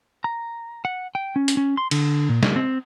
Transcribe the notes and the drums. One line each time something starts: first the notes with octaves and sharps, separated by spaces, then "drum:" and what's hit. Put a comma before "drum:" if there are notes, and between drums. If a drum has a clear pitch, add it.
A#5
F#5
G5
C#4
drum: hi-hat
C#4
C6
D3, drum: cymbal
A#2
G3, drum: snare
C4